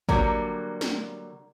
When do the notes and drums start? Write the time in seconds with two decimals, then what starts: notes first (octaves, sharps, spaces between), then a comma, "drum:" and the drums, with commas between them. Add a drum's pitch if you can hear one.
0.09 D3 F#3 G3 A#3, drum: kick G#1
0.81 drum: snare